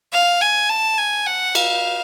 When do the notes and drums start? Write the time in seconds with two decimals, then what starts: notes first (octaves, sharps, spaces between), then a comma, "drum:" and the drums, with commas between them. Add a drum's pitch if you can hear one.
0.12 F5
0.41 G#5
0.69 A5
0.98 G#5
1.27 F#5
1.55 F5, drum: cymbal